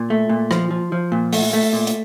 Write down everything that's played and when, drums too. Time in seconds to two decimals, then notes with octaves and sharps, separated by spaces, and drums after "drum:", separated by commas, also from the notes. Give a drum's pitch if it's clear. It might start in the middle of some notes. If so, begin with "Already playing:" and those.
Already playing: A#2
0.10 A3
0.30 A#2
0.51 F3, drum: rim click
0.71 F3
0.92 F3
1.12 A#2
1.33 A3, drum: open hi-hat
1.53 A3
1.73 A#2
1.87 drum: hi-hat